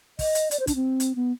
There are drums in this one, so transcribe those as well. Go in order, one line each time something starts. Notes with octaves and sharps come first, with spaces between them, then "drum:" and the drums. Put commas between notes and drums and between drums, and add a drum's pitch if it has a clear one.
D#5, drum: kick, open hi-hat
drum: hi-hat
D5, drum: hi-hat
C5
D4, drum: kick, hi-hat
C4
drum: hi-hat
B3